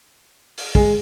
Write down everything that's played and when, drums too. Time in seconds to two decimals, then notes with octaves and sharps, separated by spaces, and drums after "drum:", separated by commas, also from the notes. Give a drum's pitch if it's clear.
0.58 drum: open hi-hat
0.75 G#3, drum: kick